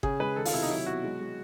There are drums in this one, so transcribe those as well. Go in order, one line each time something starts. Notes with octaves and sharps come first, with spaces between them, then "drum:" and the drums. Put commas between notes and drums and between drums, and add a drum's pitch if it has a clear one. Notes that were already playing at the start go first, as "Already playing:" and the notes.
C#3 G#4, drum: kick G1
G#3 B4
D#3 A4
F4, drum: open hi-hat
C3 E4
D#4
F#3 E4
B2 F#4
G#3
G#3